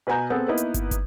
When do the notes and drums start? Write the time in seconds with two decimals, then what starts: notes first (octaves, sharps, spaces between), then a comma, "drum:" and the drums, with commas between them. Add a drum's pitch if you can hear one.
0.07 B2 B4 F#5 G#5 A#5 G6
0.30 B3 C4 G#4 A4 F#5
0.48 A#3 B3 D#4 E4 B4
0.57 drum: hi-hat
0.74 drum: kick, hi-hat
0.91 drum: kick, hi-hat